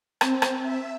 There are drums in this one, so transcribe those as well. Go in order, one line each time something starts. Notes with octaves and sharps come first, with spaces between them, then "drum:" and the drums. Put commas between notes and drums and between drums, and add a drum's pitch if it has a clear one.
C4, drum: rim click
drum: rim click
E5